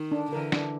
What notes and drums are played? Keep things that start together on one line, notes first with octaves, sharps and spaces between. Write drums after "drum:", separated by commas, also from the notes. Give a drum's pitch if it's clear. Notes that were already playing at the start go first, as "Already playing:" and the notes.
Already playing: D#3
D4
D3 E3 A#4
D4, drum: snare